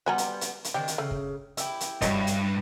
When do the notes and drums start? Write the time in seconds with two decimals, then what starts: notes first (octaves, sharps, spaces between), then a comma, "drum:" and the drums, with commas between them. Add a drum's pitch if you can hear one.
0.06 G3 B3 F#4 C5 G#5 A#5
0.18 drum: hi-hat
0.41 drum: hi-hat
0.64 drum: hi-hat
0.74 D#3 C4 D4 G4
0.88 drum: hi-hat
0.98 C#3 A3
1.11 drum: kick
1.57 E4 G4, drum: hi-hat
1.80 drum: hi-hat
2.02 C#2 G2 F#3 C#5 D#5, drum: kick, hi-hat
2.27 drum: hi-hat